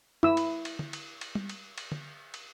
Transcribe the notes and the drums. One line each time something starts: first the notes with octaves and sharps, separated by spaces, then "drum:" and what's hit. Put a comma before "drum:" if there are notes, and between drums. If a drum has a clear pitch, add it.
E4 E6, drum: tom
drum: cymbal
drum: cymbal
drum: tom
drum: cymbal
drum: cymbal
drum: tom G3
drum: cymbal
drum: cymbal
drum: tom
drum: cymbal